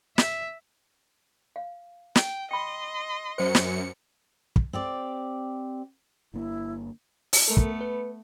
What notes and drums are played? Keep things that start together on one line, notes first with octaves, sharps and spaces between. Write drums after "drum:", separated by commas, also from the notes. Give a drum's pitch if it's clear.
E5, drum: snare
F5
G5, drum: snare
D#5 G5 B5 C6
F#2 C5 C#7
drum: snare
drum: kick
C4 G4 D5
G1 D3 A#3 E4
drum: open hi-hat
A3 B3 A4 A#4
drum: kick
B4